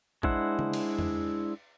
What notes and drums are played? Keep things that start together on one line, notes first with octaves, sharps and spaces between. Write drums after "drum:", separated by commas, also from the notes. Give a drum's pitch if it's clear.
G#3 D4 E4 C5 F#5, drum: kick
drum: tom C#3
drum: cymbal
drum: tom E2